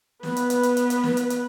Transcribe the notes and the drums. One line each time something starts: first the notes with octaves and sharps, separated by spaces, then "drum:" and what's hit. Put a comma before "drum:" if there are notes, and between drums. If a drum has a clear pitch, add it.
B3 B4, drum: snare
drum: hi-hat
drum: hi-hat
drum: hi-hat
drum: hi-hat
drum: hi-hat
drum: snare
drum: hi-hat
drum: hi-hat